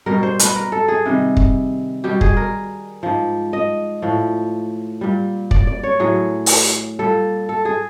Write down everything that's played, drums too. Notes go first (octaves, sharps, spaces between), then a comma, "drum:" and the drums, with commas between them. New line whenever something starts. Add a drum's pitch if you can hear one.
B2 G3 A#4
C5
B4, drum: hi-hat
A#4
A4
G#4
C3 D#3 G3
drum: kick
B2 G3 G4
G#4, drum: kick
A#4
G#2 F3
D#5
A2 F3
A#2 G3
D5, drum: kick
D5
C#5
A2 F#3 G#4
drum: open hi-hat
A#2 G3 A4
A4
G#4